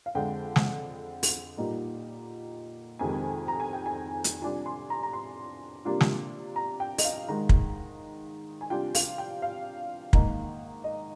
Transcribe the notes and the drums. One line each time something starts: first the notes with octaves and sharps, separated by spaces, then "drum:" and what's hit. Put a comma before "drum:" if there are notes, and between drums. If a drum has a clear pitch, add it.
F5
F2 D3 G#3 D4 G5
drum: snare
drum: open hi-hat
A#2 G3 A#3 D#4
F2 C3 D#3 G#3 G#5
A#5
G#5
G5
G#5
drum: hi-hat
C3 G3 D4 F4 G#5
C6
A#5
A#5
C6
C3 G3 A#3 D4 F4
drum: snare
A#5
G5
D#5, drum: open hi-hat
F5
G#2 D#3 G#3 A#5
drum: kick
G#5
C3 G3 D4 F4 G5
F5, drum: open hi-hat
G5
F5
G#2 D#3 A#3 D#4, drum: kick
D#5